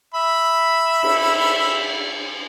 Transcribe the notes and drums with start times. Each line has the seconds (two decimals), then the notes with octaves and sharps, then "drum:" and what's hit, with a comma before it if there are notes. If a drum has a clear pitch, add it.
0.14 E5 B5
1.03 drum: cymbal